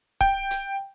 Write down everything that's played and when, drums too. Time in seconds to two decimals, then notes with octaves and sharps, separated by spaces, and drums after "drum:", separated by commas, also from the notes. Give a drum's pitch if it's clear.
0.21 G5, drum: kick C#1
0.51 drum: hi-hat